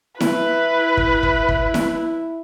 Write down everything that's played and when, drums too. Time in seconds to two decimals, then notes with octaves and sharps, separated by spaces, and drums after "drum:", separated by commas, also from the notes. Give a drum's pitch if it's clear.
0.20 E4 B4, drum: snare E4
0.97 drum: kick
1.23 drum: kick
1.49 drum: kick
1.74 drum: snare E4